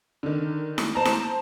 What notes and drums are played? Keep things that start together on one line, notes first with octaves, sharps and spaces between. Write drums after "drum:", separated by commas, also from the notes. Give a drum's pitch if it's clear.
D3 D#3
drum: snare E4
C5 A5 A#5
drum: snare E4